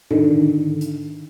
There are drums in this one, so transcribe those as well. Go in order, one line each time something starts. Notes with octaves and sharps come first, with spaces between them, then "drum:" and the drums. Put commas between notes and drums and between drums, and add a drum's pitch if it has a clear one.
D3 D#3, drum: tom G#2
drum: hi-hat